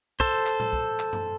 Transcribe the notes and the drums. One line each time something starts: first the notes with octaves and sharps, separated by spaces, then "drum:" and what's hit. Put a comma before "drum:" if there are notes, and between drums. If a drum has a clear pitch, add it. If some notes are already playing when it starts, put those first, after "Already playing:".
A4 C5, drum: kick
drum: clap
drum: tom A2
drum: kick
drum: clap
drum: tom F#2